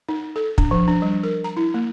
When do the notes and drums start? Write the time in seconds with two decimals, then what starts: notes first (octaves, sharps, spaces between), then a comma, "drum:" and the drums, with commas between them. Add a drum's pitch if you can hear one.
0.09 D#4
0.36 A4
0.58 D4, drum: kick
0.71 F3
0.88 D4
1.02 G3
1.23 A#4
1.44 A#5
1.57 E4
1.74 A#3